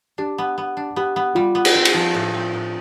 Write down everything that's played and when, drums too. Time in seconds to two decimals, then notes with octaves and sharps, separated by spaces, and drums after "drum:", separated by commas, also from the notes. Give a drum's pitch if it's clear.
0.18 D4 G4
0.38 B3
0.58 B3
0.77 D4
0.96 B3 G4
1.16 B3
1.35 G3 F4
1.55 B3
1.65 drum: cymbal
1.75 C4
1.85 drum: cymbal
1.94 F3
2.14 A2
2.34 C4
2.54 A2